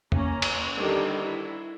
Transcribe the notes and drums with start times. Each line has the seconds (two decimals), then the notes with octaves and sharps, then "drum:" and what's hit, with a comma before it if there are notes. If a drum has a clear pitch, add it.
0.12 A#3 C#4 A#5, drum: tom E2
0.42 drum: cymbal
0.78 D3 D#3 G3 D4
1.21 E4